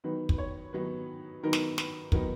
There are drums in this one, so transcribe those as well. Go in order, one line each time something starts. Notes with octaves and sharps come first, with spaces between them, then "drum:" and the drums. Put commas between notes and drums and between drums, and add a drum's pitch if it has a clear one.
D#3 F#3 B3 D#4 B4
B4, drum: kick
C#5
D#3 F#3 B3 D#4 B4
D#3 F#3 B3 D#4 A#4
drum: snare
B4, drum: snare
D#3 F#3 B3 D#4 A#4, drum: kick